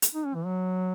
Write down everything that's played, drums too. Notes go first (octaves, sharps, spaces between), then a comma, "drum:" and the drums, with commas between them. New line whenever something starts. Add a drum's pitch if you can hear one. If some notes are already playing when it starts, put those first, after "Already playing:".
drum: hi-hat
D#4
C#4
E3
F#3